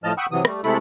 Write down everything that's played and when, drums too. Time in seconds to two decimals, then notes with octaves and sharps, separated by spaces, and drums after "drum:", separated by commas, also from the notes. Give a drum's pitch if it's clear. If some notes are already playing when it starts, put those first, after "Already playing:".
0.04 A2 F3 D#5 A5 F6
0.18 F#5 G5 B5 C#6 D#6 E6
0.31 C3 E3 F#3 D#6
0.45 G3 A3, drum: rim click
0.64 C3 G#3 A3 E4 A4 B5, drum: tambourine